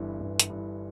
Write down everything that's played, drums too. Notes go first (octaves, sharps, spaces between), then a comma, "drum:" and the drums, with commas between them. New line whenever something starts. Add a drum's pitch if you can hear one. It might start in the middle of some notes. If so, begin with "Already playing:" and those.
Already playing: G1 G2 E3
G1
drum: hi-hat
G2 E3